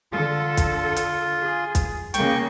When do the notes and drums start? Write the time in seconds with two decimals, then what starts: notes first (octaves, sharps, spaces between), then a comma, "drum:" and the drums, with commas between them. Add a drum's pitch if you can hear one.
0.13 D3 F4 A4
0.57 drum: kick, hi-hat
0.96 drum: hi-hat
1.41 G#4
1.75 drum: kick, hi-hat
2.14 C#3 A#3 G5 C#6, drum: hi-hat